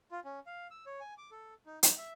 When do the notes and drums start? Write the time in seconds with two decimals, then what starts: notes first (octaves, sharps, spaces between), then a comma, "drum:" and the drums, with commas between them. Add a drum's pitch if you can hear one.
0.11 F4
0.25 C#4
0.46 F5
0.71 E6
0.86 C#5
1.00 G#5
1.18 D6
1.31 A4
1.66 D#4
1.83 D#4, drum: hi-hat
1.98 E5